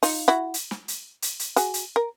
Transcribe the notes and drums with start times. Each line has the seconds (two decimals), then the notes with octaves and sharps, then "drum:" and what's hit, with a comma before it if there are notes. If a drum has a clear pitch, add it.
0.03 D#4 F4, drum: open hi-hat
0.28 E4 F#4
0.54 drum: hi-hat
0.71 drum: snare
0.88 drum: hi-hat
1.22 drum: hi-hat
1.39 drum: hi-hat
1.56 F#4 G#4, drum: hi-hat
1.74 drum: hi-hat
1.96 A#4